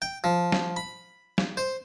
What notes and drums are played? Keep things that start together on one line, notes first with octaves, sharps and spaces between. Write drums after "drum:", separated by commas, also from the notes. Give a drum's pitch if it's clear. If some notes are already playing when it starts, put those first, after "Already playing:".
G5
F3
drum: snare
B5
drum: snare
C5